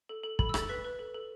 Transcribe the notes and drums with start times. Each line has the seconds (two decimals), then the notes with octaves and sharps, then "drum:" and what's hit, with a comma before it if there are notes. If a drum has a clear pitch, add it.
0.09 A4
0.23 A4
0.39 A4 B5, drum: kick
0.49 E6
0.54 A4 A6, drum: rim click
0.69 B4 B6
0.84 B4
0.99 A4
1.15 A4